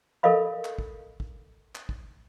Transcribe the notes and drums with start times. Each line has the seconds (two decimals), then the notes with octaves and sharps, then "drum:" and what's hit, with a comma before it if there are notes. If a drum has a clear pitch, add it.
0.23 A4 A#4 D#5 F5 B5
0.65 drum: clap
0.78 drum: kick
1.20 drum: kick
1.75 drum: clap
1.89 drum: kick